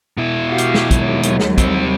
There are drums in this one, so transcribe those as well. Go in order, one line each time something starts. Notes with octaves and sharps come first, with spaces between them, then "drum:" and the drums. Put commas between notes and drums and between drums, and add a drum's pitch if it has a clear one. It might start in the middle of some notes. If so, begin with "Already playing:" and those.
B2 E4
F#4 G4 F5
drum: hi-hat
drum: snare
D#2 F#3 G#3, drum: kick, hi-hat
drum: hi-hat
drum: snare
G3 C4, drum: kick, hi-hat